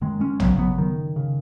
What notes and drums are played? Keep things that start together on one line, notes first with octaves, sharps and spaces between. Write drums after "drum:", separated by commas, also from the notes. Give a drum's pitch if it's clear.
F#2 D#3 G#3
G#3 C#4
C#3 F#3 B3, drum: tom
F#3 B3
F#2 D#3
C#3